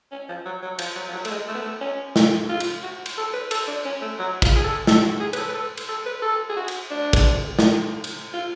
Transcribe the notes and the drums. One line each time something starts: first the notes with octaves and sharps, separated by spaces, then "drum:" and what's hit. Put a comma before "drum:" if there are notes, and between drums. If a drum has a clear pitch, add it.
C#4
F3
F#3
F#3
F3, drum: cymbal
F#3
F3
F#3
A3, drum: cymbal
G#3
A3
B3
A3
C#4
F4, drum: snare
F4
drum: cymbal
F#4
drum: cymbal
A4
B4
A4, drum: cymbal
D4
C#4
A3
F#3
F4, drum: kick, cymbal
G#4
A4
A4, drum: snare
F#4
G#4
B4, drum: cymbal
A4
B4
A4
drum: cymbal
A4
B4
A4
G#4
F#4
drum: cymbal
D4
drum: kick, cymbal
drum: snare
drum: cymbal
F4